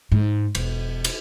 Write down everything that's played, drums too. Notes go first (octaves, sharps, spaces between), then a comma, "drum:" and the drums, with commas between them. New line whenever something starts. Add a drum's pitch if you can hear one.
G#2
E1, drum: cymbal
drum: cymbal